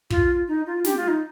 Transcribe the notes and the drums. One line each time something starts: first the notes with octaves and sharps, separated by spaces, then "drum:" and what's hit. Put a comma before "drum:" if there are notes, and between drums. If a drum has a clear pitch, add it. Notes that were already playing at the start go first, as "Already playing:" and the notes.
F4, drum: kick
D#4
F4
G4, drum: snare
F4
D#4